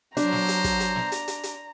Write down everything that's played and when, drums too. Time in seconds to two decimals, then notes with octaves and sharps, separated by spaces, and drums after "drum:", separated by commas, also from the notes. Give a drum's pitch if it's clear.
0.17 F#3 D4 C5 A#5, drum: hi-hat
0.33 drum: snare
0.48 drum: hi-hat
0.64 drum: kick, hi-hat
0.80 drum: hi-hat
0.96 drum: snare
1.12 drum: hi-hat
1.28 drum: hi-hat
1.43 drum: hi-hat